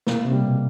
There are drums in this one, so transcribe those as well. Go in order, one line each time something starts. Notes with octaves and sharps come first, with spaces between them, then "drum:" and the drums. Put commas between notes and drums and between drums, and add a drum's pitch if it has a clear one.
B2 A#3, drum: snare
C3
G3
B2